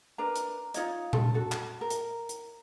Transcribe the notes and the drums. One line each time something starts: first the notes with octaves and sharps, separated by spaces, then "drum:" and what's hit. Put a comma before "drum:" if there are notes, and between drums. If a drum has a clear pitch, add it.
D4 A#4 B4 A#5
drum: hi-hat
D#4 F4 C#5 D#5, drum: hi-hat
A4, drum: tom A#2
F#4 A4
drum: clap
A#4
drum: hi-hat
drum: hi-hat